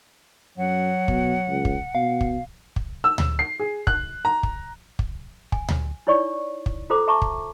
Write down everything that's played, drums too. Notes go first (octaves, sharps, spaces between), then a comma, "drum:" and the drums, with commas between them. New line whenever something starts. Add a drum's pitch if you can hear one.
F#2 F#3 F#5
B2, drum: kick
C#2
drum: kick
B2 F5
drum: kick
drum: kick
E6
drum: tom D2
C7
G#4
F#6, drum: kick
A#5
drum: kick
drum: kick
G#5, drum: kick
drum: tom D2
D#4 E4 C#5 D5 C#6
drum: kick
F4 A4 C5 A#5 D6
E5 A5 A#5 C#6 D6
drum: kick